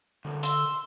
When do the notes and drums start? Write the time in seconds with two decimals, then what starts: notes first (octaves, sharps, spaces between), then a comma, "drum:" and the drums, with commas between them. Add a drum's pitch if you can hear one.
0.25 C2 F#2 D3
0.43 C6 E6, drum: hi-hat